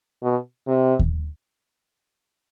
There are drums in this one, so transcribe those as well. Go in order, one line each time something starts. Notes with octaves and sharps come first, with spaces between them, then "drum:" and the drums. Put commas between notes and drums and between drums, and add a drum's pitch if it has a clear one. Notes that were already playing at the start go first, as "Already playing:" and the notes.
B2
C3
drum: kick D#2